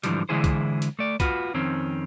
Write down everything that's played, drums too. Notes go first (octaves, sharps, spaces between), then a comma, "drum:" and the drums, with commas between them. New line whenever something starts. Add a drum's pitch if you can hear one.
G#2 D3 E3 F3 G3, drum: hi-hat
D3 E3 G#3 E4 G#4 C5
drum: kick B1, hi-hat
drum: hi-hat
A3 D5
F4 F#4 B4, drum: kick B1, hi-hat
F2 D#3 C4 C#4